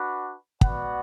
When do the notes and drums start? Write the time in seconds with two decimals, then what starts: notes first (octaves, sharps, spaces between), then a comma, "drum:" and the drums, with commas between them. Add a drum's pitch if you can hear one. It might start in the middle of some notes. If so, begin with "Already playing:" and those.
Already playing: D4 F#4 B4
0.61 B3 F#4 B4 D5 F#5, drum: kick